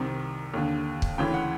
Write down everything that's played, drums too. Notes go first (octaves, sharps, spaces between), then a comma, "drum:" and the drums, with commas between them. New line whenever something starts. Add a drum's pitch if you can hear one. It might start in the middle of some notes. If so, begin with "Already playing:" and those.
Already playing: C2 C3 D#3
D#2 D3
drum: kick
D2 C#3 E3 G5
F#5